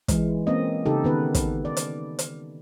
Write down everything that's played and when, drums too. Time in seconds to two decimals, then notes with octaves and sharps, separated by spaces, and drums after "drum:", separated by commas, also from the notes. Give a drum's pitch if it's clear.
0.08 E3 G#3, drum: kick, hi-hat
0.47 A#3 C4 C#4 D#5
0.86 C#3 D#4 G4 A4
1.04 D#3 B3 B4
1.35 drum: kick, hi-hat
1.65 D5
1.77 drum: hi-hat
2.19 drum: hi-hat